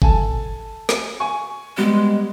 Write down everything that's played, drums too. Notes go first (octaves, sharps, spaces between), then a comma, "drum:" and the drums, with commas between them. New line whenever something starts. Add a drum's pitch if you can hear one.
A4 G#5 A5, drum: kick G1
drum: snare
G#5 C#6
G3 G#3 B3